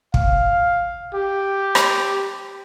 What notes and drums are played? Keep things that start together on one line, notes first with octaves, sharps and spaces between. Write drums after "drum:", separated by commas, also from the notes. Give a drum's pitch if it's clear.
F5, drum: kick
G4
drum: rim click